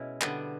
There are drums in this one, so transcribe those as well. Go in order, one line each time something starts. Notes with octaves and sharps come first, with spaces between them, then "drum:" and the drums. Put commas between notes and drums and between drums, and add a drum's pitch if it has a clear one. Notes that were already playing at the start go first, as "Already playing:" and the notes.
Already playing: B2 G#3 C#4 E4
D3 G3 B3, drum: clap